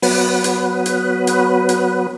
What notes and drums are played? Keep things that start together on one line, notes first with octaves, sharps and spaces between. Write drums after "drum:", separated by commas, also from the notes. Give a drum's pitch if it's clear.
F#3 B3 B4, drum: open hi-hat
drum: hi-hat
drum: hi-hat
drum: hi-hat
drum: hi-hat